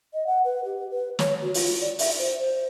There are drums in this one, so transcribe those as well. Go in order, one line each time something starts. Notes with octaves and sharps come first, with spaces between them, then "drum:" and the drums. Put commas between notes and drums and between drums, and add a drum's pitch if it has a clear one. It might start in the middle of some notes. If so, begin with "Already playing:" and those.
D#5
F#5
B4
G4
B4
C#5, drum: snare
F#4
F4, drum: open hi-hat
D5
E5, drum: open hi-hat
C5
C5